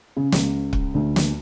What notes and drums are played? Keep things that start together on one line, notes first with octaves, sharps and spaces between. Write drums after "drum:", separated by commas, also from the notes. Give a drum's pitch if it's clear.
C#3
C#2, drum: snare
drum: kick
D2
drum: snare